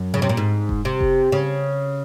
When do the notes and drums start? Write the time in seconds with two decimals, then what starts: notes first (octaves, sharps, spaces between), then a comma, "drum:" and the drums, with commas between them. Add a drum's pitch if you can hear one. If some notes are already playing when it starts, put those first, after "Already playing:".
Already playing: F#2
0.14 C#3
0.22 C3
0.29 A#2
0.37 G#2
0.69 drum: kick F1
0.85 C3
1.01 drum: kick F1
1.32 C#3